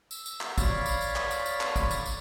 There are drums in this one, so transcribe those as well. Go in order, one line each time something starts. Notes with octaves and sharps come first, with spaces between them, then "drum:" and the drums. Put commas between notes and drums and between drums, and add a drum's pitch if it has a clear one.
E6, drum: tambourine
drum: tambourine
drum: clap
C#5 D5 F5 B5, drum: kick, tambourine
drum: tambourine
drum: tambourine
drum: clap
drum: tambourine
drum: tambourine
drum: clap
drum: kick, tambourine
drum: tambourine
drum: tambourine